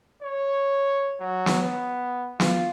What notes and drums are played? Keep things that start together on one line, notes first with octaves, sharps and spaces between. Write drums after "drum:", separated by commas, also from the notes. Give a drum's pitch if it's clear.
C#5
F#3
drum: snare
B3
F4, drum: snare